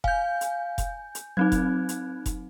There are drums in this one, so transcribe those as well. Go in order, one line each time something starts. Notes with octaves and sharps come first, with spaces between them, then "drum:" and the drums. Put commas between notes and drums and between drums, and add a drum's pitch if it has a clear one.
F5 G#5 G6, drum: kick F1
drum: hi-hat
drum: kick F1, hi-hat
drum: hi-hat
F#3 C4 D#4 F#6 G#6
drum: kick F1, hi-hat
drum: hi-hat
drum: kick F1, hi-hat